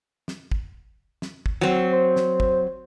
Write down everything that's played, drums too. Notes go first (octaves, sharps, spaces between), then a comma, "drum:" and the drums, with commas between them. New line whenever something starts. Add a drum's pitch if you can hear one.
drum: snare
drum: kick
drum: snare
drum: kick
F#3 C4
C5
drum: snare
drum: kick